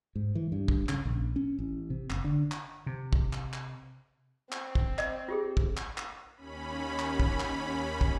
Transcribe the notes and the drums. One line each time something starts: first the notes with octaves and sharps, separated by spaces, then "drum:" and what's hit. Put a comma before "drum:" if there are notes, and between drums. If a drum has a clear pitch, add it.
G#2
E3
G2
drum: kick
C#3, drum: clap
A#1
C#4
A1
C3
F#1, drum: clap
D3
drum: clap
C3
drum: kick
drum: clap
drum: clap
C4, drum: clap
drum: kick
D#5, drum: clap
F4 G4 G#4
drum: kick
drum: clap
drum: clap
D#2 C#4 B5
drum: clap
drum: kick
drum: clap
drum: kick